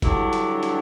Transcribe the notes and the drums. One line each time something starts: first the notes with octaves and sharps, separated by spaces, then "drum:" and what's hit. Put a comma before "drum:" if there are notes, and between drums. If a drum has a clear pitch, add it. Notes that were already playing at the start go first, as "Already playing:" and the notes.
G2 D3 F#3 D4 E4, drum: kick, hi-hat
drum: hi-hat
drum: hi-hat